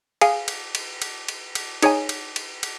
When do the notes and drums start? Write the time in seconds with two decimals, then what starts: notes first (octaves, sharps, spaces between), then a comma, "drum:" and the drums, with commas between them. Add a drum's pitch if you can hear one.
0.21 G#4 F5 G#5, drum: cymbal
0.48 drum: cymbal
0.75 drum: cymbal
1.02 drum: cymbal
1.28 drum: cymbal
1.55 drum: cymbal
1.82 D#4 G#4 C#5 G#5, drum: cymbal
2.09 drum: cymbal
2.36 drum: cymbal
2.63 drum: cymbal